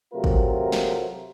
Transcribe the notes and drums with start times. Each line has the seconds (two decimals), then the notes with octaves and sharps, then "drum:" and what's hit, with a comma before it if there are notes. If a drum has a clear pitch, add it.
0.13 C3 F#3 A3 F4 A#4
0.24 drum: kick G#1
0.72 drum: snare